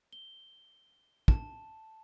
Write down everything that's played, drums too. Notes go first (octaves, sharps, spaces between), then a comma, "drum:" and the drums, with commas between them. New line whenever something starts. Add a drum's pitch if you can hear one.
G7
A5, drum: kick